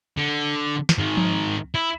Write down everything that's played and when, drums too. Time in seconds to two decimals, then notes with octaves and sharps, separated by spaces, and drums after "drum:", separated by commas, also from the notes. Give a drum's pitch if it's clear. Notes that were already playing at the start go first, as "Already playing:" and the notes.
0.18 D3
0.89 drum: snare
0.99 G#2 D#3
1.17 drum: tom F3
1.75 E4